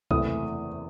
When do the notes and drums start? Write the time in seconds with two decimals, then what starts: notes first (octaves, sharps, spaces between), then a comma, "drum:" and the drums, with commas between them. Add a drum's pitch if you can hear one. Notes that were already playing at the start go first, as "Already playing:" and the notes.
0.11 F#1 E2 C3 E3 A3 D#6, drum: kick C2